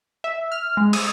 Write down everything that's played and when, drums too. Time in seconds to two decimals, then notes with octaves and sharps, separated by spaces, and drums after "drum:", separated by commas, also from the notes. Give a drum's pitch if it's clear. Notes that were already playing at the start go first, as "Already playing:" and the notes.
0.24 E5
0.52 F6
0.77 G#3
0.93 D#6, drum: cymbal